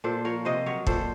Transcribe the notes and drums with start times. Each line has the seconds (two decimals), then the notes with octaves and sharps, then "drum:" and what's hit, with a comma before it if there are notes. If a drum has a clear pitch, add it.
0.04 A#2 A4 C5
0.25 F3 A#4 C#5
0.45 C3 C5 D#5
0.66 F#3 A#4 C#5
0.87 A#2 A4 C5, drum: kick